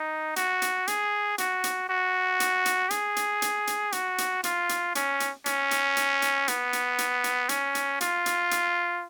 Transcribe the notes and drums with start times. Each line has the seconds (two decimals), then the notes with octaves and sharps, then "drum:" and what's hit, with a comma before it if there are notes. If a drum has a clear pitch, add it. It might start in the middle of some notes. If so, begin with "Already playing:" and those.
Already playing: D#4
0.36 F#4, drum: hi-hat
0.62 drum: hi-hat
0.88 G#4, drum: hi-hat
1.38 F#4, drum: hi-hat
1.64 drum: hi-hat
1.89 F#4
2.40 drum: hi-hat
2.66 drum: hi-hat
2.90 G#4, drum: hi-hat
3.16 drum: hi-hat
3.42 drum: hi-hat
3.67 drum: hi-hat
3.92 F#4, drum: hi-hat
4.18 drum: hi-hat
4.44 F4, drum: hi-hat
4.69 drum: hi-hat
4.95 C#4, drum: hi-hat
5.20 drum: hi-hat
5.46 C#4, drum: hi-hat
5.71 drum: hi-hat
5.97 drum: hi-hat
6.22 drum: hi-hat
6.48 B3, drum: hi-hat
6.73 drum: hi-hat
6.98 drum: hi-hat
7.24 drum: hi-hat
7.49 C#4, drum: hi-hat
7.75 drum: hi-hat
8.01 F4, drum: hi-hat
8.26 drum: hi-hat
8.51 drum: hi-hat